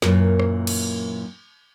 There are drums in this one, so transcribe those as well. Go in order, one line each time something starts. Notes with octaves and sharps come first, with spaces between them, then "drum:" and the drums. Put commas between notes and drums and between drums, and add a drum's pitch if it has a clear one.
F#2 A#2 E3, drum: snare
drum: rim click
drum: cymbal